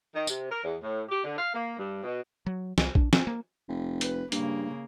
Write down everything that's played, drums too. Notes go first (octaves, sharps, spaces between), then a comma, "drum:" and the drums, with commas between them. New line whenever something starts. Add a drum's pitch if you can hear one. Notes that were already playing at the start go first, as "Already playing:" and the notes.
D#3
C3, drum: tambourine
A#4
E2
A2
G4
D3
F5
A#3
G2
B2
F#3
C2, drum: snare
D4, drum: kick A#1
C4, drum: snare
A#3
F1
B4, drum: hi-hat
G2 C#3 A#3, drum: hi-hat